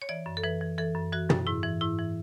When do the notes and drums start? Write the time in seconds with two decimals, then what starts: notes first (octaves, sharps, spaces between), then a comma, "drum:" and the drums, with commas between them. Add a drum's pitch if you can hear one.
0.02 C#5
0.09 E3 D5
0.26 F#2
0.37 A4
0.44 E3 B4
0.61 E3
0.78 E3 A4
0.95 F#2
1.12 E3 F#4
1.30 F#2, drum: tom
1.47 G#2 E4
1.63 E3
1.81 G#2 E4
1.99 E3